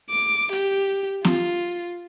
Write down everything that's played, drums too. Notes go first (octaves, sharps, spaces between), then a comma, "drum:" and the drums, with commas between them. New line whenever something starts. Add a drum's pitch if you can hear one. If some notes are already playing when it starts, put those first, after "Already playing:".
D6
G4, drum: hi-hat
F4, drum: snare